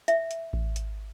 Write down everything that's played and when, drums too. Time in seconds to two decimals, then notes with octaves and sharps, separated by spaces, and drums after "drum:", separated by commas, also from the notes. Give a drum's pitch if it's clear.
0.08 E5, drum: hi-hat
0.31 drum: hi-hat
0.53 drum: kick A1
0.76 drum: hi-hat